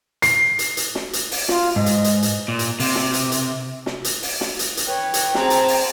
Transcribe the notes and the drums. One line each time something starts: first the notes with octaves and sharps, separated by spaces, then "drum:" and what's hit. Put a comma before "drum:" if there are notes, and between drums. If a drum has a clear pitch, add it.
C7, drum: hi-hat
drum: hi-hat
drum: hi-hat
drum: snare
drum: hi-hat
drum: open hi-hat
F4, drum: snare
G#2 D#5
drum: hi-hat
drum: hi-hat
drum: hi-hat
A#2
drum: hi-hat
C3, drum: open hi-hat
drum: snare
drum: hi-hat
drum: hi-hat
drum: snare
drum: hi-hat
drum: open hi-hat
drum: snare
drum: hi-hat
drum: hi-hat
B4 C#5 G5
drum: hi-hat
C4 G#4 A5 A#5, drum: snare
drum: hi-hat
drum: open hi-hat